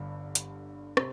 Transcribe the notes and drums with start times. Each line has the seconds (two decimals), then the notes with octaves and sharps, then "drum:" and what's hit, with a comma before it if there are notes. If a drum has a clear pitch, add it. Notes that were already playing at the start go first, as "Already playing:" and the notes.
Already playing: G1 G2 D3
0.35 drum: hi-hat
0.97 C3 C4, drum: rim click